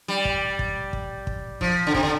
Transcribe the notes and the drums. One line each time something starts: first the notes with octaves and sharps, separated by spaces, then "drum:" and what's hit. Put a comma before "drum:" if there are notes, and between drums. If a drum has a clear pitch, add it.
G3
drum: kick
drum: kick
drum: kick
drum: kick
F3, drum: kick
D3
C3, drum: kick
D3